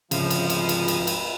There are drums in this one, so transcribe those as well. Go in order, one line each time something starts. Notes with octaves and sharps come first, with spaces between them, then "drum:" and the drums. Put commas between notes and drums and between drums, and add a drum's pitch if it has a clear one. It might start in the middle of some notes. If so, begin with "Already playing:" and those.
D2 G#2 C#3 F3 C4 B5 D#6, drum: cymbal
drum: cymbal
drum: cymbal
drum: cymbal
drum: cymbal
drum: cymbal